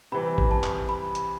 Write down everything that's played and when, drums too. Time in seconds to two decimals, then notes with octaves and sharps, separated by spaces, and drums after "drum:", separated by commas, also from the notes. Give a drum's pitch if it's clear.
0.12 C3 E3 G3 B5
0.38 drum: kick
0.51 A5
0.64 drum: clap
0.89 B5
1.15 drum: hi-hat